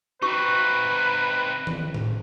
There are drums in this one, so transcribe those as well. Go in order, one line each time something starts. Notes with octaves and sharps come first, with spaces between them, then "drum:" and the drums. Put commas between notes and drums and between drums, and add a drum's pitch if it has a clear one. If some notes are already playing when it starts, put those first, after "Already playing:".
C4 D#4 F#4 B4 C#6 E6
drum: tom
drum: tom A2